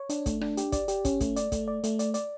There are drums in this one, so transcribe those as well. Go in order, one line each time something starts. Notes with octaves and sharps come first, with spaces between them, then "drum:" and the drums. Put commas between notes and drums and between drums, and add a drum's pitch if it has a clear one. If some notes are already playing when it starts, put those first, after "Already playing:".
Already playing: C#5
D4, drum: hi-hat
A3, drum: kick, hi-hat
D4, drum: rim click
G4, drum: hi-hat
D5, drum: kick, hi-hat
G4, drum: hi-hat
C#4, drum: kick, hi-hat
A3, drum: kick, hi-hat
D5, drum: hi-hat
A3, drum: kick, hi-hat
D5
A3, drum: hi-hat
D5, drum: hi-hat
D5, drum: hi-hat